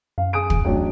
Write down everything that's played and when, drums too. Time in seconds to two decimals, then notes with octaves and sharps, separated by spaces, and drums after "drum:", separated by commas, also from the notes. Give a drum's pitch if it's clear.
0.18 F#2 F5
0.33 G#4 D#6 D7
0.50 drum: kick
0.65 A1 F#3 D4